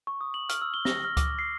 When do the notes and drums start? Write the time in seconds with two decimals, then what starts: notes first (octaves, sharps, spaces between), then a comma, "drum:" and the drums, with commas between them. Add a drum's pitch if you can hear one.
0.07 C#6
0.21 D#6
0.34 F#7
0.49 F6, drum: hi-hat
0.61 E6
0.74 G7
0.85 A#6, drum: snare
1.04 F6
1.17 D6, drum: kick C#2, hi-hat
1.39 C7